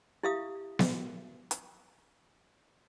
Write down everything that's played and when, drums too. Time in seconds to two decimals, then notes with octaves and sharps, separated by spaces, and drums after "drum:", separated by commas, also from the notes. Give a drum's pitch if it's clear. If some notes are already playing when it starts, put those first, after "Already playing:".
0.23 E4 G4 E5 F5 D#6
0.79 drum: snare B3
1.51 drum: hi-hat